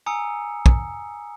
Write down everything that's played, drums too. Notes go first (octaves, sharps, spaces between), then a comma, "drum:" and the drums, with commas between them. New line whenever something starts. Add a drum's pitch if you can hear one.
G#5 A#5 D#6 E6 C#7
drum: kick